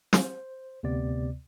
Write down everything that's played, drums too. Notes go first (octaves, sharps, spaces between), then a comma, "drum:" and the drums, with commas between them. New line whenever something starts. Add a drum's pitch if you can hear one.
C5, drum: snare
D2 C3 B3 D5